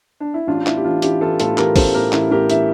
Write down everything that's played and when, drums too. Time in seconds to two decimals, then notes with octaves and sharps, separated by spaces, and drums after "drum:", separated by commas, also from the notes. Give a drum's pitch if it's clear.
0.20 D4
0.34 E4
0.47 A1 D4 F4
0.67 A1 E4, drum: clap
0.77 G4
0.84 E3 D4 F4
1.02 A1 E4 G4, drum: hi-hat
1.21 E3 F4 A4
1.40 A2 F4 A4, drum: hi-hat
1.58 E3 G4 A#4, drum: clap
1.76 A1 A4 C5, drum: kick, open hi-hat
1.94 A2 G4 A#4
2.13 A1 E4, drum: clap
2.31 A1 G4 A#4
2.50 E3 E5, drum: hi-hat